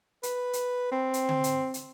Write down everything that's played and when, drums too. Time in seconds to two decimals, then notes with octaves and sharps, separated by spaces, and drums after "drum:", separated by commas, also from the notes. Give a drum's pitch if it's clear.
0.23 B4, drum: hi-hat
0.53 drum: hi-hat
0.92 C4
1.14 drum: hi-hat
1.29 drum: tom D3
1.44 drum: hi-hat
1.74 drum: hi-hat